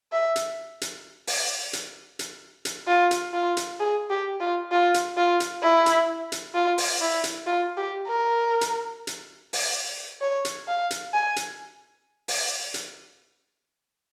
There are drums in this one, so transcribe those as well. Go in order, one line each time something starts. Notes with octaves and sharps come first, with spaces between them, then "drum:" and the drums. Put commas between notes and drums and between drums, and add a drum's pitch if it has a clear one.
E5
drum: hi-hat
drum: hi-hat
drum: open hi-hat
drum: hi-hat
drum: hi-hat
drum: hi-hat
F4
drum: hi-hat
F4
drum: hi-hat
G#4
G4
F4
F4
drum: hi-hat
F4
drum: hi-hat
E4
drum: hi-hat
drum: hi-hat
F4
drum: open hi-hat
E4
drum: hi-hat
F4
G4
A#4
drum: hi-hat
drum: hi-hat
drum: open hi-hat
C#5
drum: hi-hat
F5
drum: hi-hat
G#5
drum: hi-hat
drum: open hi-hat
drum: hi-hat